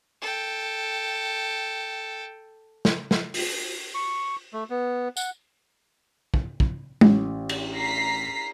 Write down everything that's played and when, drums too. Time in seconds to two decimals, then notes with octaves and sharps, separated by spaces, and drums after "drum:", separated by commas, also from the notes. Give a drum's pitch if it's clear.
0.22 A4 G5
2.85 drum: snare
3.11 drum: snare
3.34 drum: open hi-hat
3.94 C#6
4.53 A3
4.70 B3
5.17 F#5, drum: tambourine
6.34 drum: kick
6.60 drum: kick
7.01 A1, drum: tom G#3
7.49 drum: cymbal
7.74 A#5 B6 C7